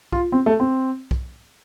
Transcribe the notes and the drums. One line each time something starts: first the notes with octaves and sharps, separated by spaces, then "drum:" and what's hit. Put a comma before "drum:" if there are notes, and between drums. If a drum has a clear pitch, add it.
F4, drum: kick B1
C4
A3
C4
drum: kick B1